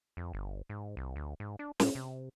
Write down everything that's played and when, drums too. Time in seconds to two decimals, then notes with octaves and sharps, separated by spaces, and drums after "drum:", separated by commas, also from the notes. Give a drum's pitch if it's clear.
0.17 F2
0.33 G1
0.69 G#2
0.97 C2
1.16 D2
1.40 G#2
1.59 D4
1.80 A2, drum: snare
1.95 C3